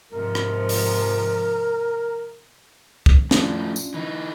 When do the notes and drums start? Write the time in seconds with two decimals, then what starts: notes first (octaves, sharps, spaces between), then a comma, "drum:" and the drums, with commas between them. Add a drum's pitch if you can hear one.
0.12 G#2 C3 F3 A#4
0.35 drum: rim click
0.69 drum: open hi-hat
3.06 drum: kick
3.31 A2 F3 C#4 D4 F4, drum: snare
3.76 drum: tambourine
3.94 E3 D#4